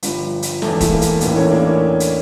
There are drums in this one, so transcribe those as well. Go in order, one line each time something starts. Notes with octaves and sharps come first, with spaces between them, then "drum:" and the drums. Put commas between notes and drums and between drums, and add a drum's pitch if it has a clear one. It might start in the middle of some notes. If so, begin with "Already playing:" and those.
G1 G2 F3, drum: hi-hat
drum: hi-hat
E1 E2 E3 A3, drum: snare
A3, drum: kick D#1, hi-hat
A#3
drum: hi-hat
A1 A2 E3 A#3, drum: hi-hat
A3 C#4
A#3 D4
C#4 E4
drum: hi-hat